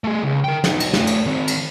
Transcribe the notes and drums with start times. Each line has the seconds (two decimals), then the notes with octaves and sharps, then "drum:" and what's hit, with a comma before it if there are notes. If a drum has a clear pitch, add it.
0.04 A3 G#4
0.23 C#2
0.44 A#4 G5
0.64 F#3 D#4, drum: snare
0.80 drum: cymbal
0.94 A3 F4, drum: snare
1.07 drum: cymbal
1.26 D#3 C4
1.48 drum: cymbal